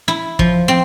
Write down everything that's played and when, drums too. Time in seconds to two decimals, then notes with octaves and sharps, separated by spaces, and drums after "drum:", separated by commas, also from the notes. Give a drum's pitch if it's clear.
0.08 E4
0.39 F3, drum: kick
0.68 C4